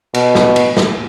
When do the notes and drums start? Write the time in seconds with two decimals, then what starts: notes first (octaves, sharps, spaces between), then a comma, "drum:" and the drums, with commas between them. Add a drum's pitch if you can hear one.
0.14 B2, drum: cymbal
0.35 drum: snare
0.56 drum: cymbal
0.77 drum: snare